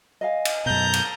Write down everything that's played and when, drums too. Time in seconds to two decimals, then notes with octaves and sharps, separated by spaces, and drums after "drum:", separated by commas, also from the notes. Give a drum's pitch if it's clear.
0.21 D#5 F5 G#5
0.45 drum: cymbal
0.66 F#2 B2 A4 A#5 G6
0.93 drum: cymbal